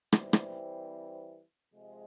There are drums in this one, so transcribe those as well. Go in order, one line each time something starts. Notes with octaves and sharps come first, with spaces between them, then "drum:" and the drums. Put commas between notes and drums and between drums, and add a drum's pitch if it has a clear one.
E3 G3 C4, drum: rim click
drum: rim click
C3 F3 G#3